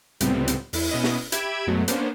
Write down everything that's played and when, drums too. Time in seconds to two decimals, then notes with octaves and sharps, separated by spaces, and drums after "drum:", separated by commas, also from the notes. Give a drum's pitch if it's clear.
0.21 C#2 A2 C3 G3 B3 C4, drum: hi-hat
0.48 drum: hi-hat
0.73 E2 E4, drum: open hi-hat
0.91 B2 B3 C#4 E4 D#5
1.04 drum: snare
1.32 G4 E5 B5 G#6 D7 E7, drum: hi-hat
1.67 F#2 B2 F#3 G#3 A3
1.88 A#3 B3 C#4 D4 C5, drum: hi-hat